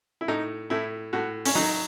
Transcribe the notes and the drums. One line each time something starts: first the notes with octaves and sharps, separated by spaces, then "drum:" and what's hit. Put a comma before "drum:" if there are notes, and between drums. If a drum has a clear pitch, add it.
E4
A2 D#4
A2 E4
A2 F#4
C#4, drum: open hi-hat
F#3 D#4